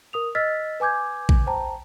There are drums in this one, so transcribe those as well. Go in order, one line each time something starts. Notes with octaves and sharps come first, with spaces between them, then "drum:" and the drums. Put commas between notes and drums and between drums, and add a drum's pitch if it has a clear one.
A#4 D#6 F7
D#5 E6 F6 A6 B6
B4 G#5 D6 G6 G#6
drum: kick A#1
C5 G5 A5 A#5